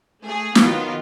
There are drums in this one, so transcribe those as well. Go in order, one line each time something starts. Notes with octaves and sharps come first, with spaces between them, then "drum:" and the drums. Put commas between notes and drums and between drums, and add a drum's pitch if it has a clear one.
A3 G#4
D#3 F#3 B3 F4, drum: snare